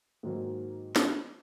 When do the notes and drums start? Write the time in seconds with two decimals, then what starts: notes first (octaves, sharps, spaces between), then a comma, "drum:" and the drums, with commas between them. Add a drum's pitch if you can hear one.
0.23 G#2 D#3 F#3 A#3
0.96 drum: snare